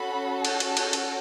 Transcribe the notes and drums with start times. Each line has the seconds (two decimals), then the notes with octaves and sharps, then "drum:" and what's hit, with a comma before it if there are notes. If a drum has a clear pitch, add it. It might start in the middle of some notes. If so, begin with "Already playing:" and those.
Already playing: C#4 F#4 A4 B5
0.45 A5, drum: cymbal
0.60 drum: cymbal
0.77 drum: cymbal
0.93 drum: cymbal